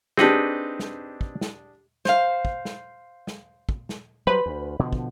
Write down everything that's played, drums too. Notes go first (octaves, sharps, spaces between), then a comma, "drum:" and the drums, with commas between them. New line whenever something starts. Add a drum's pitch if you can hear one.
C4 D4 D#4 G4 G#4 B4, drum: snare
drum: snare
drum: kick
drum: snare
C5 F5, drum: snare
drum: kick
drum: snare
drum: snare
drum: kick
drum: snare
F#3 G3 B4 C5 B5
D2
B2 D3 F3
drum: kick